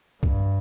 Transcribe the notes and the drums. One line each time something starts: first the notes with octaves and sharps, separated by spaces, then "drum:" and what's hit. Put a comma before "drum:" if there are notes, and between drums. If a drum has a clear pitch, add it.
G2, drum: kick B1